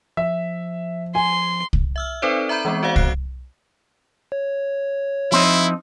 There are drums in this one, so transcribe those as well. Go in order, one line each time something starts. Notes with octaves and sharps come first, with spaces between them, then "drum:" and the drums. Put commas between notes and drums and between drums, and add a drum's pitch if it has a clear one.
F3 E5
G#5 C6
drum: kick C2
E5 E6 F6
C4 D#4 A4 B4 C5 D5
E5 A#5 B5 G6
E3 G#3 B3 C4
F#4 C5 D5 F5 F#5
F#6 C7 D7, drum: kick C2
C#5
F3 C4 D#4 E4